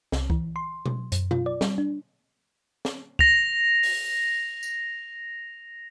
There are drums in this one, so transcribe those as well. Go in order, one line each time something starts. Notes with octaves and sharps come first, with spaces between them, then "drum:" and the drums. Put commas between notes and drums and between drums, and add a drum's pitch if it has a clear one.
C2, drum: snare
E3, drum: kick
C6
drum: tom B2
F#2, drum: hi-hat
F4, drum: tom B2
D5
G3, drum: snare
D4
drum: snare
A#6 F7, drum: kick
drum: open hi-hat
drum: tambourine